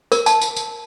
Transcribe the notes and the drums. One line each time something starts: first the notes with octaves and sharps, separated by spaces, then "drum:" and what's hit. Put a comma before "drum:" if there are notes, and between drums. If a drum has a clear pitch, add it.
A#4, drum: tambourine
A5, drum: tambourine
drum: tambourine
drum: tambourine